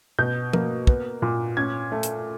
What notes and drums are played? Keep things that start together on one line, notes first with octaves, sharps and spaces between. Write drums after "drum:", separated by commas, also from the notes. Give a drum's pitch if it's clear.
B2 G6
A#3, drum: tom F3
B3, drum: kick
A#2
C#4 G#6
A3
drum: hi-hat